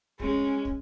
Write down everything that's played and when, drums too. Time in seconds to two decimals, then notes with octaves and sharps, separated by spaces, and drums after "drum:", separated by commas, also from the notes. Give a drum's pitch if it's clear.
0.20 G#3 C#4, drum: kick
0.65 drum: kick